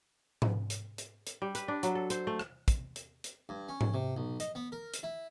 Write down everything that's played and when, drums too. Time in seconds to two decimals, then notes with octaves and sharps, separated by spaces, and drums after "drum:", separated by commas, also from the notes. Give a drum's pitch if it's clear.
0.42 drum: tom G#2
0.70 drum: hi-hat
0.98 drum: hi-hat
1.27 drum: hi-hat
1.42 G3
1.55 B4, drum: hi-hat
1.68 D4
1.83 F#3, drum: hi-hat
1.95 A4
2.10 C5, drum: hi-hat
2.27 A3
2.39 drum: rim click
2.68 drum: kick, hi-hat
2.96 drum: hi-hat
3.24 drum: hi-hat
3.49 G2
3.69 C#4
3.81 drum: tom G#2
3.94 C3
4.17 B1
4.40 D#5, drum: hi-hat
4.55 B3
4.72 A#4
4.94 drum: hi-hat
5.03 E4